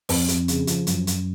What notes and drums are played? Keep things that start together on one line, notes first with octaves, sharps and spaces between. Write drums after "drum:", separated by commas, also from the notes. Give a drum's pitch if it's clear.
F2, drum: open hi-hat
F2, drum: hi-hat
C#3, drum: hi-hat
F3, drum: hi-hat
F#2, drum: hi-hat
F#2, drum: hi-hat